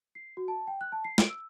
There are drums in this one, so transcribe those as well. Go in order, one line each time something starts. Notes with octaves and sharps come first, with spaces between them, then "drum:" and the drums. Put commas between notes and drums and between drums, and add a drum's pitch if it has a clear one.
C7
F#4
A5
G5
F#6
A5
C7
D7, drum: snare
E6